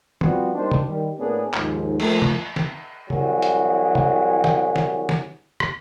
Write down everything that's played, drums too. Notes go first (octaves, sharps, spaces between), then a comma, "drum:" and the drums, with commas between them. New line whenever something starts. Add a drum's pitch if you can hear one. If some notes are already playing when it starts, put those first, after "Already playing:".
F3 G3 B3 C4 F4 F#4, drum: tom
G3 A#3 D4 D#4 C5
drum: tom
D#3 G3
A2 A#3 B3 C#4 D4 G#4
D#2 G#2 F3, drum: clap
F3 A3 A#3, drum: cymbal
drum: tom
drum: snare
C2 E3 F#3 G#4, drum: tom
drum: hi-hat
drum: tom
drum: snare
drum: snare
drum: snare
drum: rim click